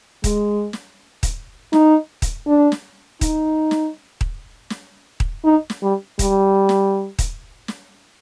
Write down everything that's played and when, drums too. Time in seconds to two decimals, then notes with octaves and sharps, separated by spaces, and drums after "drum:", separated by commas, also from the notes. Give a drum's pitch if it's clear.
0.24 G#3, drum: kick D#1, hi-hat
0.73 drum: snare
1.23 drum: kick D#1, hi-hat
1.73 D#4, drum: snare
2.22 drum: kick D#1, hi-hat
2.47 D4
2.72 drum: snare
3.21 D#4, drum: kick D#1, hi-hat
3.71 drum: snare
4.21 drum: kick D#1
4.70 drum: snare
5.20 drum: kick D#1
5.45 D#4
5.70 drum: snare
5.82 G3
6.19 G3, drum: kick D#1, hi-hat
6.69 drum: snare
7.19 drum: kick D#1, hi-hat
7.68 drum: snare